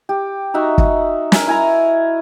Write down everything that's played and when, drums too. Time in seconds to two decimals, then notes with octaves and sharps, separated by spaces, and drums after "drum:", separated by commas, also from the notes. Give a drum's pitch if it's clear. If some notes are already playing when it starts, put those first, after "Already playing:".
0.09 G4
0.54 D#4 F#4 E5 A#5
0.78 drum: kick
1.32 A#4 E5 G#5, drum: snare
1.47 E4 G#5 A#5